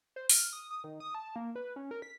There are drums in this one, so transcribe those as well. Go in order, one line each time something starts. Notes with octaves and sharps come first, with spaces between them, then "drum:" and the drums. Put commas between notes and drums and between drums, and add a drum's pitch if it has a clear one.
C5
F6, drum: open hi-hat
D#6
D#6
D#3
D#6
A5
A#3
B4
C#4
A#4
B6